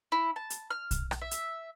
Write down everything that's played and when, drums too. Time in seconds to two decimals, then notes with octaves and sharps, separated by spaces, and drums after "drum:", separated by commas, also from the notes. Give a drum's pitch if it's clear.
0.12 E4
0.36 A5
0.50 drum: hi-hat
0.71 F6
0.91 drum: kick, hi-hat
1.11 drum: rim click
1.21 E5
1.31 drum: hi-hat